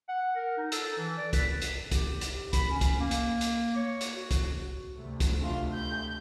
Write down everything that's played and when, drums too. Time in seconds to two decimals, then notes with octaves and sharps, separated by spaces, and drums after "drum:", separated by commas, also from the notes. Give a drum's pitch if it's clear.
0.08 F#5
0.36 A#4
0.57 D#4
0.72 A4, drum: hi-hat
0.98 E3
1.18 D5
1.33 B4, drum: kick, hi-hat
1.62 drum: hi-hat
1.92 G4, drum: kick, hi-hat
2.21 drum: hi-hat
2.53 B5, drum: kick, hi-hat
2.70 C#4
2.81 drum: kick, hi-hat
3.00 A#3
3.11 drum: hi-hat
3.41 drum: hi-hat
3.76 C#5
4.01 drum: hi-hat
4.14 F#4
4.31 drum: kick, hi-hat
4.97 D2 C3 A3
5.20 drum: kick, hi-hat
5.43 F4
5.74 G6